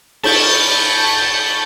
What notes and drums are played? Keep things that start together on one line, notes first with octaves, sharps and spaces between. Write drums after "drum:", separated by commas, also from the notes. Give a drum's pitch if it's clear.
A5 B5 C#6 G6 A6, drum: cymbal